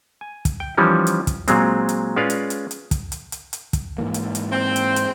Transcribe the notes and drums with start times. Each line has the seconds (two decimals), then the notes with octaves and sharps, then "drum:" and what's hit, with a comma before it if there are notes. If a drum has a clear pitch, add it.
0.21 G#5
0.45 drum: kick, hi-hat
0.60 G5
0.77 E3 F3 G3 C#4 D#4
1.07 drum: hi-hat
1.27 drum: kick, hi-hat
1.48 A#2 F#3 G#3 C4, drum: hi-hat
1.89 drum: hi-hat
2.16 G#3 C#4 F4 B4 D5 F5
2.30 drum: hi-hat
2.50 drum: hi-hat
2.71 drum: hi-hat
2.91 drum: kick, hi-hat
3.12 drum: hi-hat
3.32 drum: hi-hat
3.53 drum: hi-hat
3.73 drum: kick, hi-hat
3.98 G#2 E3 A#3
4.14 drum: hi-hat
4.35 drum: hi-hat
4.51 C4
4.76 drum: hi-hat
4.96 drum: hi-hat